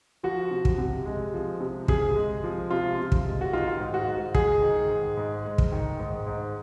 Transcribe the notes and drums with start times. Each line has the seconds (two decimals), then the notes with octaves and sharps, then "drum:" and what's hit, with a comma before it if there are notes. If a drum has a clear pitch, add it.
0.23 F3 F#4
0.51 C3
0.65 drum: kick
0.78 C3
1.06 G#3
1.34 F3
1.61 C3
1.88 C3 G#4, drum: kick
2.16 G#3
2.44 F3
2.71 C3 F4
2.98 C3
3.12 drum: kick
3.26 G#3
3.41 F#4
3.53 D#3 F4
3.80 G#2
3.94 F#4
4.07 G#2
4.35 G#3 G#4, drum: kick
4.62 D#3
4.90 G#2
5.17 G#2
5.45 G#3
5.58 drum: kick
5.72 D#3
5.99 G#2
6.26 G#2